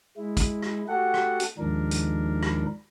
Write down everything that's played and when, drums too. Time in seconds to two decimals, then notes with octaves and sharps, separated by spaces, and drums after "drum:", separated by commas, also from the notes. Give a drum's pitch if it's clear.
0.17 G#3 E4
0.37 drum: kick, hi-hat
0.62 drum: rim click
0.88 A3 F#4 G4 A4 F#5
1.14 drum: rim click
1.40 drum: hi-hat
1.58 D#2 G#2 D#3 F3 D4 A#4
1.91 drum: hi-hat
2.43 drum: rim click